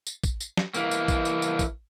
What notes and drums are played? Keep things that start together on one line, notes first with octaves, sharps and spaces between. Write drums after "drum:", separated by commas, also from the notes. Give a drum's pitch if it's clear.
drum: tambourine
drum: kick, tambourine
drum: tambourine
drum: snare
E3 A#3, drum: tambourine
drum: tambourine
drum: kick, tambourine
drum: tambourine
drum: tambourine
drum: kick, tambourine